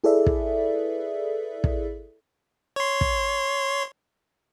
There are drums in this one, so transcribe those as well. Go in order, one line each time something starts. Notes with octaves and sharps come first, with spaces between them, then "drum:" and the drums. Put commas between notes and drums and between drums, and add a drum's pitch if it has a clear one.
E4 G#4 A4 B4 D5 E5
drum: kick
drum: kick
C#5 C6
drum: kick